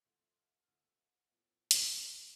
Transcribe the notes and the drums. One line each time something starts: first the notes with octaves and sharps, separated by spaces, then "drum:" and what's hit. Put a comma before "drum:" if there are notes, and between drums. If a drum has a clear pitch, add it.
C2 C3 F3 A3 C6
C6
F6
F6
C2 C3 F3 A3 E6
A2 F3 B3
drum: hi-hat
A2 F3 B3